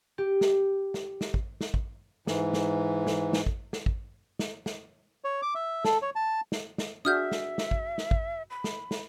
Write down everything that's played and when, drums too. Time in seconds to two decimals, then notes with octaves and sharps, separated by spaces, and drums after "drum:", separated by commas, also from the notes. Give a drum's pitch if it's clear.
0.18 G4
0.41 drum: snare
0.94 drum: snare
1.21 drum: snare
1.34 drum: kick
1.61 drum: snare
1.74 drum: kick
2.27 G#2 E3, drum: snare
2.54 drum: snare
3.07 drum: snare
3.33 drum: snare
3.46 drum: kick
3.73 drum: snare
3.86 drum: kick
4.39 drum: snare
4.66 drum: snare
5.24 C#5
5.42 D6
5.55 E5
5.85 A4, drum: snare
6.02 C#5
6.16 A5
6.52 drum: snare
6.78 drum: snare
7.05 D4 F#4 G#4 E5 D#6 F6 G6
7.32 drum: snare
7.58 drum: snare
7.71 drum: kick
7.98 drum: snare
8.11 drum: kick
8.50 B5
8.64 drum: snare
8.91 drum: snare